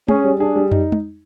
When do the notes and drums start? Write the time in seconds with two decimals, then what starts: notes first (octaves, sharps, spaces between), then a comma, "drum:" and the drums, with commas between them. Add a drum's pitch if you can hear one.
0.08 C#4 G#4, drum: tom
0.24 G3
0.39 D4 G#4
0.56 G3
0.71 D#4, drum: tom
0.92 drum: tom